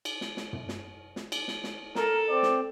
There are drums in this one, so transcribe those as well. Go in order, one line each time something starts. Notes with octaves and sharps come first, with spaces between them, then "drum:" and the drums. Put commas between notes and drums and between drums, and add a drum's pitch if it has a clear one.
drum: cymbal
drum: snare
drum: snare
drum: tom
drum: snare
drum: snare
drum: cymbal
drum: snare
drum: snare
A4 A#4, drum: snare
C4 D5
drum: snare